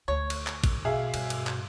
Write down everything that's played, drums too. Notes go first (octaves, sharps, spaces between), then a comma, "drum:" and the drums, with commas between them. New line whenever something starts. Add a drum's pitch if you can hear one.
D2 C#5
drum: cymbal
drum: clap
drum: kick A1, cymbal
B2 G#4 E5 F5
G2, drum: cymbal
drum: cymbal
drum: clap